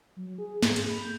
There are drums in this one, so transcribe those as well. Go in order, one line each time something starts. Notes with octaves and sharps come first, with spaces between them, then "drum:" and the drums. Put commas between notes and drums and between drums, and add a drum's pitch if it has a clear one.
F#3
G#4
G#2, drum: snare
G#4, drum: cymbal
B5
G6